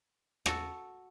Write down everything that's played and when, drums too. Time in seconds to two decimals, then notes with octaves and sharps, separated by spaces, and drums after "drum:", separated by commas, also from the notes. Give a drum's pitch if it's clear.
0.46 F#4 A4, drum: rim click